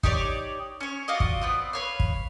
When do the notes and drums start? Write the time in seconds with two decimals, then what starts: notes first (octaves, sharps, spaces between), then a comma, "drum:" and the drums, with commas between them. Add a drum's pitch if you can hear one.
0.03 D#4 G4 C#5 D5, drum: kick
0.81 C#4 C#5
1.08 F4 F#4 D5 D#5
1.20 drum: kick
1.41 B3 C4 D5
1.73 B4 C#5 F5
2.00 drum: kick